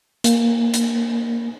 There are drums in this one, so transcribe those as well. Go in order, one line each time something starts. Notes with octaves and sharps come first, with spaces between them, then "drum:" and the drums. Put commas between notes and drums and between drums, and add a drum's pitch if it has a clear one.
A#3, drum: hi-hat
drum: hi-hat